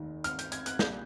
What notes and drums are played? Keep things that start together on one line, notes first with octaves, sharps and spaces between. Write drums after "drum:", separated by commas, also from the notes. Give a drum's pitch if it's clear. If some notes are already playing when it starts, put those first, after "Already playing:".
Already playing: F1 D#2 D#3
F6, drum: hi-hat
G6, drum: hi-hat
G#6, drum: hi-hat
F#6, drum: hi-hat
A#1 A#2 G3 G6, drum: snare